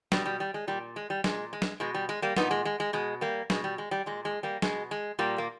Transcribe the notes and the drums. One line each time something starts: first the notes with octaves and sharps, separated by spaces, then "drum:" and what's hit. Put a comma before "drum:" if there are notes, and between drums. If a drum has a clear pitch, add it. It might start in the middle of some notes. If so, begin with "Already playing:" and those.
B2 G3, drum: snare
G3
G3
G#3
A#2 G3
G#3
G3
A#2 G#3, drum: snare
G#3
drum: snare
B2 G#3
G3
G#3
G3 A#3
A#2 B3 D#4, drum: snare
G#3
G#3
G#3
B2 G#3
G3 A#3
B2 G#3, drum: snare
G3
G#3
G3
A#2 G#3
G#3
G3 A#3
B2 G#3, drum: snare
G#3
A#2 G3 A#3
A#3